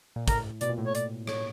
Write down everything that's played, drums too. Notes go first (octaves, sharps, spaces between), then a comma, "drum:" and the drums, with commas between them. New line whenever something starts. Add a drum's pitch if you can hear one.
A#2
A2 A#4, drum: kick, hi-hat
B2 D5, drum: hi-hat
A#2
A2
C#5
D5, drum: hi-hat
C#5, drum: rim click